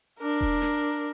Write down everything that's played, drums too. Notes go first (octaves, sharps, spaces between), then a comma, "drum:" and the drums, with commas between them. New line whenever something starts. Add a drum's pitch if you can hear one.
D4 A#4
drum: kick E1
drum: snare